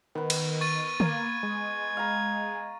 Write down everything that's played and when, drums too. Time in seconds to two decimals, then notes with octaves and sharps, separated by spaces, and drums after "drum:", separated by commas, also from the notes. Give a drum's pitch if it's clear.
0.15 D#3 B3 B4
0.30 drum: cymbal
0.61 C#6 A6 D#7
1.00 A#3 G#6, drum: tom D3
1.43 G#3
1.97 F5 A#5